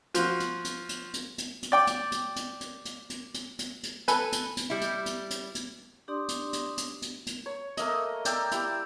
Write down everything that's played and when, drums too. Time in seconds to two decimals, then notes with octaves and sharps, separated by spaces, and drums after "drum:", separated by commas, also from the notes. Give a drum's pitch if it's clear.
0.14 F3 F4 F#4, drum: hi-hat
0.40 drum: hi-hat
0.65 drum: hi-hat
0.89 drum: hi-hat
1.14 drum: hi-hat
1.38 drum: hi-hat
1.63 drum: hi-hat
1.72 D5 G5 D6
1.87 drum: hi-hat
2.12 drum: hi-hat
2.36 drum: hi-hat
2.61 drum: hi-hat
2.85 drum: hi-hat
3.10 drum: hi-hat
3.34 drum: hi-hat
3.59 drum: hi-hat
3.83 drum: hi-hat
4.08 A4 B4 G#5, drum: hi-hat
4.32 drum: hi-hat
4.57 drum: hi-hat
4.70 G3 E4
4.81 drum: hi-hat
5.06 drum: hi-hat
5.30 drum: hi-hat
5.55 drum: hi-hat
6.08 D4 G4 D5 C6 D#6
6.28 drum: hi-hat
6.53 drum: hi-hat
6.77 drum: hi-hat
7.02 drum: hi-hat
7.27 drum: hi-hat
7.46 C#5
7.77 A3 A#3 D#5, drum: hi-hat
8.25 D5 G5 A#5 E6, drum: hi-hat
8.51 E4 G4, drum: hi-hat